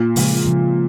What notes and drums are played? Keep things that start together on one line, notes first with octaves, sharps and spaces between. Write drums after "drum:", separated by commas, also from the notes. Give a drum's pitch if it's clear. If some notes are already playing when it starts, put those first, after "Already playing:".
Already playing: A#2
C#3 F3 G#3, drum: open hi-hat
C#3 F3 G#3